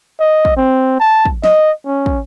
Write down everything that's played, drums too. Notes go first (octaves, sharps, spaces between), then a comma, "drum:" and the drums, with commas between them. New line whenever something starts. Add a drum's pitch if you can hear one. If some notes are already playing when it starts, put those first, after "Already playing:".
D#5
drum: kick
C4
A5
drum: kick
D#5, drum: snare
C#4
drum: kick